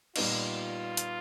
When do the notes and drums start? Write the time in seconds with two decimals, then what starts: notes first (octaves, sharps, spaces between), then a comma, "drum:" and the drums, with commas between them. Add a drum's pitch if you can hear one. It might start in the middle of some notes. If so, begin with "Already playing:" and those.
0.16 A#2 G3 B3 D#4 F4, drum: cymbal
0.97 drum: hi-hat